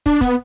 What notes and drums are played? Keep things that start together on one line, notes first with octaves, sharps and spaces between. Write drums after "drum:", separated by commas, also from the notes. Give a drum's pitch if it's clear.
D4, drum: kick, hi-hat
B3, drum: kick, hi-hat